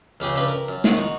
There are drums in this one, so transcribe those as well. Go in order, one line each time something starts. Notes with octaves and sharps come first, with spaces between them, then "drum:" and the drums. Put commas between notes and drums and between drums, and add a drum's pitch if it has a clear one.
C#2 C#3 G4 G#4
C#2 G2 G4 B4
A#4
F#2
D#3 G#3 F#5 C#6, drum: snare
D#4 F#4